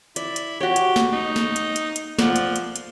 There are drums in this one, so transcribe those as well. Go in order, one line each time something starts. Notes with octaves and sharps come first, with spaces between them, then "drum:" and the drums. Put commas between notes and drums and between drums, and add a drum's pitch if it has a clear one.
E4 D5, drum: hi-hat
drum: hi-hat
F#4 G4 C#5
drum: hi-hat
drum: snare
D#4
drum: snare
drum: hi-hat
drum: hi-hat
drum: hi-hat
F3 D5 F#5, drum: snare
drum: hi-hat
drum: hi-hat
drum: hi-hat